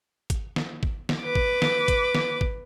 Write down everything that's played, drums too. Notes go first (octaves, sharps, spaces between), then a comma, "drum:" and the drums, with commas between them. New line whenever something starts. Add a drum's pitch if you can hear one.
drum: kick G#1, hi-hat
drum: snare
drum: kick G#1
drum: snare
B4 D6
drum: kick G#1
drum: snare
drum: kick G#1, hi-hat
drum: snare
drum: kick G#1